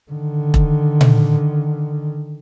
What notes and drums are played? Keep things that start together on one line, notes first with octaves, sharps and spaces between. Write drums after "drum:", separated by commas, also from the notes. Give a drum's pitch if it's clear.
D3 D#3
drum: kick E1
drum: tom A#2